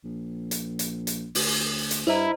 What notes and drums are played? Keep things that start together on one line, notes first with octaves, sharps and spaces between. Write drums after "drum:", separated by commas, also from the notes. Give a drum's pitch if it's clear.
A#1
drum: hi-hat
drum: hi-hat
drum: hi-hat
D2, drum: open hi-hat
drum: hi-hat
G2 E4 C5 D#5 A#5